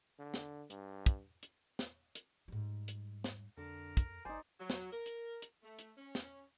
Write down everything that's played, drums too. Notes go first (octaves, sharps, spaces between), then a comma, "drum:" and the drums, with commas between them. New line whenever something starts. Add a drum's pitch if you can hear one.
D3
drum: snare
G2, drum: hi-hat
drum: kick, hi-hat
drum: hi-hat
drum: snare
drum: hi-hat
G#2 G3
drum: hi-hat
drum: snare
F2 D3 A#4
drum: kick, hi-hat
G1 D#4 C5 D5 G#5
F#3
drum: snare
A#4
drum: hi-hat
drum: hi-hat
A3
drum: hi-hat
C#4
drum: snare